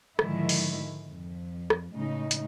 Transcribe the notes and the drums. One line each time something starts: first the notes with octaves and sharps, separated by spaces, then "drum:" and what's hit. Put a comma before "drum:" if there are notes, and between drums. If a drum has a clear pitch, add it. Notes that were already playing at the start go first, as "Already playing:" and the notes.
G#2 D3 D#3 F3 G#3 E4, drum: rim click
drum: open hi-hat
F2
drum: rim click
A2 C#3 G#3 D#4
drum: hi-hat